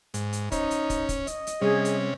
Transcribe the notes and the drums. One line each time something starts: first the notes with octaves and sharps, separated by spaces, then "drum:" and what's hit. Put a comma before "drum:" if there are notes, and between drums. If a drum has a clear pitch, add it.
G#2, drum: hi-hat
drum: hi-hat
C#4 D#4 C5, drum: kick, hi-hat
drum: hi-hat
drum: kick, hi-hat
drum: kick, hi-hat
D#5, drum: hi-hat
drum: hi-hat
C3 G3 C#4 G#4
drum: hi-hat